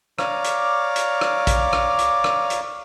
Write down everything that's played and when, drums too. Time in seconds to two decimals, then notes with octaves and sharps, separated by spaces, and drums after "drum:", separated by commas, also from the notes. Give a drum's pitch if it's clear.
0.18 C#5 D5 F5 A#5 D6, drum: rim click
0.44 drum: hi-hat
0.96 drum: hi-hat
1.21 drum: rim click
1.47 drum: kick A#1, hi-hat
1.73 drum: rim click
1.98 drum: hi-hat
2.24 drum: rim click
2.50 drum: hi-hat